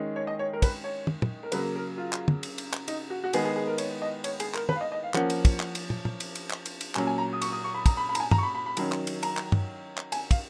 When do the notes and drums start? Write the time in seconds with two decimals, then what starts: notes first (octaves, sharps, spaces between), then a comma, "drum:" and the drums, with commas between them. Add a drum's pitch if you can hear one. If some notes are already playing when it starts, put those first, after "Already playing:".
Already playing: D#3 G#3 C#4
0.16 C#5
0.27 D#5
0.39 C#5
0.53 A#4
0.62 B4, drum: kick, cymbal
0.84 C#5
1.07 drum: tom
1.22 drum: tom
1.43 A#4
1.52 C#3 F#3 A#3 B4, drum: cymbal
1.76 A#4
1.97 F4
2.13 drum: clap
2.28 drum: tom
2.43 drum: cymbal
2.58 drum: cymbal
2.73 drum: clap
2.88 D#4, drum: cymbal
3.10 F#4
3.24 F#4
3.33 D#3 G#3 B3 G#4, drum: cymbal
3.45 G#4
3.56 G#4
3.67 A#4
3.78 C#5, drum: cymbal
4.02 D#5
4.24 C#5, drum: cymbal
4.40 G#4, drum: cymbal
4.54 A#4, drum: clap
4.69 B4, drum: tom
4.76 F5
4.81 D#5
4.92 D#5
5.03 F5
5.14 F3 A#3 C#4 F#5, drum: clap
5.30 drum: cymbal
5.45 drum: kick, cymbal
5.60 drum: clap
5.75 drum: cymbal
5.90 drum: tom
6.05 drum: tom
6.20 drum: cymbal
6.35 drum: cymbal
6.50 drum: clap
6.66 drum: cymbal
6.81 drum: cymbal
6.95 A#2 F#3 C#4 G#5, drum: clap
7.07 G#5
7.18 A#5
7.33 D#6
7.42 C#6, drum: cymbal
7.52 D#6
7.64 C#6
7.75 B5
7.86 A#5, drum: kick, cymbal
7.97 B5
8.09 B5
8.15 A#5, drum: cymbal
8.20 G#5
8.31 A#5, drum: tom
8.38 C#6
8.43 B5
8.55 B5
8.66 B5
8.77 D#3 F#3 C#4, drum: cymbal
8.92 drum: clap
9.07 drum: cymbal
9.23 A#5, drum: cymbal
9.37 drum: clap
9.52 drum: tom
9.98 drum: clap
10.12 G#5, drum: cymbal
10.31 F5, drum: kick, cymbal